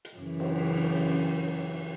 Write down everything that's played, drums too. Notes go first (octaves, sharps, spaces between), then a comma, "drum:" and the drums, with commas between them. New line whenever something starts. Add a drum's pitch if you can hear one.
drum: hi-hat
F#2 C#3 E3
drum: cymbal